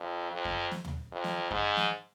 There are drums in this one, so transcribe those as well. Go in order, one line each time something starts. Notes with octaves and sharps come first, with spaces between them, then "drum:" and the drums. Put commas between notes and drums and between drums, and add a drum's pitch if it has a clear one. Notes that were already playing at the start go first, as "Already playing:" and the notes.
Already playing: F2
F2
drum: kick F#2
drum: snare
drum: tom
F2
drum: snare
G#2, drum: kick F#2
drum: snare